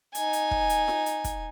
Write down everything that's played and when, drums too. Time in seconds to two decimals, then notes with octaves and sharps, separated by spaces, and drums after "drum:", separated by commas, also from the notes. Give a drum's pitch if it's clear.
0.15 D#4 G#5, drum: hi-hat
0.33 drum: hi-hat
0.51 drum: kick
0.70 drum: hi-hat
0.88 drum: snare F4
1.06 drum: hi-hat
1.24 drum: kick, hi-hat